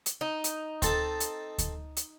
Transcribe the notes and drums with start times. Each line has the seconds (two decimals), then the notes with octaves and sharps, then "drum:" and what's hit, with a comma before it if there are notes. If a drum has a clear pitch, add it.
0.06 drum: hi-hat
0.21 D#4
0.44 drum: hi-hat
0.82 C4 A4 A5, drum: kick D2, hi-hat
1.20 drum: hi-hat
1.58 drum: kick D2, hi-hat
1.97 drum: hi-hat